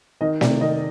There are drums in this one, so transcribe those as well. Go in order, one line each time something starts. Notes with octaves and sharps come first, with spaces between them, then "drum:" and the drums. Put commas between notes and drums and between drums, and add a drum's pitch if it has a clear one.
D#3 D#5
C3 D5, drum: snare
D#3 D#5